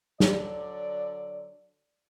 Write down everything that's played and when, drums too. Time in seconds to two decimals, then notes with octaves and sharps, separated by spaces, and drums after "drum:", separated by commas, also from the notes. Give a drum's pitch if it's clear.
0.20 D3 F#3 D5, drum: snare